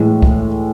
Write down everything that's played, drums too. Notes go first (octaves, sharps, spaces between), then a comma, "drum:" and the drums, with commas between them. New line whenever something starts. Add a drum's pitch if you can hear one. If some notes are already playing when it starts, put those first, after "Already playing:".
Already playing: A2 E3 G#3
drum: kick